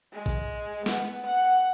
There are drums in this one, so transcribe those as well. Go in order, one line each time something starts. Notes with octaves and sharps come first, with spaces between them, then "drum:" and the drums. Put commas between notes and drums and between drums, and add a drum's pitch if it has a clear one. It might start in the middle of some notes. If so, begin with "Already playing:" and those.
G#3
drum: kick
B3, drum: snare
F#5